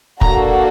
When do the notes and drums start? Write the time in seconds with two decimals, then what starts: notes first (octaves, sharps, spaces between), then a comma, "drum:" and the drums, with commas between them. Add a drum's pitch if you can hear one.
0.21 A#3 D4 F#4 A4 A#5, drum: kick